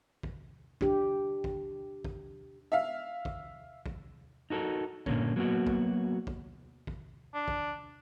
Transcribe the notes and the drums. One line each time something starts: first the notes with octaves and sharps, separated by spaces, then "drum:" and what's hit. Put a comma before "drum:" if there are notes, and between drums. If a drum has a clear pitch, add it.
drum: kick
D4 G4, drum: kick
drum: kick
drum: kick
E5 F5
drum: kick
drum: kick
D#4 F#4 A4 A#4
G2 A#2 D3 A#3 C#4, drum: kick
F#3 A#3 B3 F#4
drum: kick
drum: kick
drum: kick
D4
drum: kick